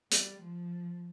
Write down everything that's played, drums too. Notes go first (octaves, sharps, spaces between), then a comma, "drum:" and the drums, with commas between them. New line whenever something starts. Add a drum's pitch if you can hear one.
G3, drum: hi-hat
F3